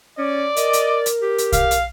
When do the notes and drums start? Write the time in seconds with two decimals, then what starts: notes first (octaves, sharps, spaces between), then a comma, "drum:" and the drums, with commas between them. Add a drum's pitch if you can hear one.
0.18 C#4 D5
0.56 A#4 D#5, drum: hi-hat
0.73 drum: hi-hat
1.06 drum: hi-hat
1.22 G4
1.38 drum: hi-hat
1.52 F5, drum: kick, hi-hat
1.71 drum: hi-hat